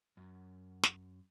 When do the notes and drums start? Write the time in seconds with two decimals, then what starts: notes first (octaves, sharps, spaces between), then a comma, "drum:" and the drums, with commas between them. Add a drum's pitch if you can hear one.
0.17 F#2
0.83 drum: snare